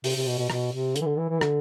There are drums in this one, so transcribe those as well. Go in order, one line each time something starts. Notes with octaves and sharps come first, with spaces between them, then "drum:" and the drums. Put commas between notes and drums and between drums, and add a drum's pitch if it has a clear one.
C3, drum: open hi-hat
C3
B2
B2
B2, drum: rim click
C3
D3, drum: hi-hat
E3
D3
E3
E3
D3, drum: rim click